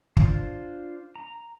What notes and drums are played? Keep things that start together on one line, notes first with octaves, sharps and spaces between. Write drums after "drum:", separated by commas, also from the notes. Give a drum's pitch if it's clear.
D4 F4 C5, drum: kick
A#5